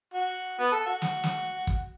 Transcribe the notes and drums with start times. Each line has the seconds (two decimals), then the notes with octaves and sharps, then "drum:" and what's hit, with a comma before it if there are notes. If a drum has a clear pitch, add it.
0.14 F#4
0.59 B3
0.72 A4
0.86 F#4
1.02 drum: snare
1.24 drum: snare
1.67 drum: kick